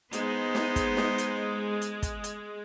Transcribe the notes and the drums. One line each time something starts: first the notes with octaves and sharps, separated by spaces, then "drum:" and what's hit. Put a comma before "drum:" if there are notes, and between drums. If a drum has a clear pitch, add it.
G#3 B3 D#4 C5, drum: hi-hat
drum: snare
drum: kick, hi-hat
drum: snare
drum: hi-hat
drum: hi-hat
drum: kick, hi-hat
drum: hi-hat